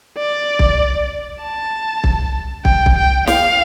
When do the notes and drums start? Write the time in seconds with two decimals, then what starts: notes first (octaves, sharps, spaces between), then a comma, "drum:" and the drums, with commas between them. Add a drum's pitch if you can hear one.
0.18 D5
0.59 drum: kick
1.42 A5
2.04 drum: kick
2.65 G5, drum: kick
2.86 drum: kick
2.97 G5
3.27 F5, drum: snare